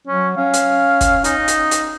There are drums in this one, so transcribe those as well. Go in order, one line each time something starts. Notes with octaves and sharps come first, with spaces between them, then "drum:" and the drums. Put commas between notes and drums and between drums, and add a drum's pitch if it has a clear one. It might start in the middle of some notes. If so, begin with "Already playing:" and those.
F#3 C#4
C#4 F5
drum: hi-hat
drum: kick, hi-hat
D#4, drum: hi-hat
drum: hi-hat
drum: hi-hat